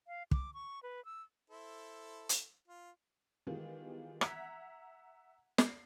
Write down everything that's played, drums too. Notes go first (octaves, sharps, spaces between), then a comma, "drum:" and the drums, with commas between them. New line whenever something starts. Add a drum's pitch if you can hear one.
F5
D6, drum: kick
C#6
B4
E6
E4 A4 C5
drum: hi-hat
F4
D#3 E3 G3 G#3 B3 F4
E5 F#5 A#5 F#6 G#6 B6, drum: rim click
C7, drum: snare